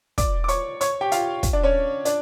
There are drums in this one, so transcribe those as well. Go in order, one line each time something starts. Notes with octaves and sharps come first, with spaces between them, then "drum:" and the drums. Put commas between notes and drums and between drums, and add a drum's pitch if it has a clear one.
D5 D6, drum: kick, hi-hat
D6
C#5 C#6, drum: hi-hat
C#5 C#6, drum: hi-hat
G4 G5
F4 F5, drum: hi-hat
drum: kick, hi-hat
D4 D5
C#4 C#5
D4 D5, drum: hi-hat